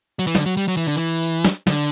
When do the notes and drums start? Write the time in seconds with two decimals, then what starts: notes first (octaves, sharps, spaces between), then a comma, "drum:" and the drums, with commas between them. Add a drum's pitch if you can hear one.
0.19 F#3
0.27 E3
0.35 D3, drum: snare
0.46 F#3
0.57 G3, drum: tambourine
0.68 F#3
0.77 E3, drum: tambourine
0.87 D3
0.96 E3
1.23 drum: tambourine
1.45 drum: snare
1.67 D3, drum: snare